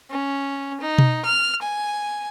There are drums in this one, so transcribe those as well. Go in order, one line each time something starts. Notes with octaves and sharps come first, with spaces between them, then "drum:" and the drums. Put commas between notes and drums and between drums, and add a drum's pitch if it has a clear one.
C#4
D#4
drum: tom B2
F6
G#5